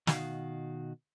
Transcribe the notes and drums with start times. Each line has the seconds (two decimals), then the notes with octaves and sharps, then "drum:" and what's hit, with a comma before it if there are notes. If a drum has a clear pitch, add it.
0.07 B2 D#3 F#4 G4 F5, drum: snare